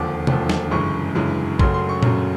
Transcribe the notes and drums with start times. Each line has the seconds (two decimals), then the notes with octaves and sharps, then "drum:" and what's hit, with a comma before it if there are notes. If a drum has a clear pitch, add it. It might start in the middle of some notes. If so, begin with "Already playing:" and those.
Already playing: E1 D#2 D3 F3 D6
0.27 E1 D#2 D3 F3, drum: tom C3
0.49 drum: snare
0.71 G1 F#2 C#3 E3 G#3 C#6
1.15 G1 F#2 C#3 E3 G#3
1.59 F#1 F#2 C#3 F#3 A3 C6, drum: kick
1.74 C6
1.89 C#6
2.03 F#1 F#2 C#3 F#3 A3, drum: tom A#2